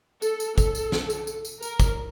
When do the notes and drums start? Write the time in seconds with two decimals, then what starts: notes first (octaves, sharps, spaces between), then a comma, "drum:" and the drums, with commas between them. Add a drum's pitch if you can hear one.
0.22 A4, drum: tambourine
0.40 drum: tambourine
0.58 A4, drum: kick, tambourine
0.75 drum: tambourine
0.92 drum: snare
1.10 drum: tambourine
1.27 drum: tambourine
1.45 drum: tambourine
1.62 A#4, drum: tambourine
1.80 drum: kick, tambourine